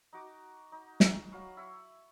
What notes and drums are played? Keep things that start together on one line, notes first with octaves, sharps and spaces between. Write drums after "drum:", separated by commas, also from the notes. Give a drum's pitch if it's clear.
D#4 F#4 D6
D#4
drum: snare
F#3 F5 B5 C#6
E4 E5 B5 C#6